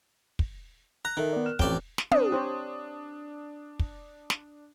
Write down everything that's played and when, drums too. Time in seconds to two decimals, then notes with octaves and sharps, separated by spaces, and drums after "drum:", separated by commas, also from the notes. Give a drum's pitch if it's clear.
0.39 drum: kick
1.05 A#5 F#6
1.17 D#3 D#4 A4 E5
1.33 B3 D5
1.46 F6 E7
1.59 A1 F2 C#5 D5 G5 E7, drum: kick
1.98 drum: snare
2.11 C4 D4 D#6, drum: tom
2.32 G4 C5 C#5
3.79 drum: kick
4.30 drum: snare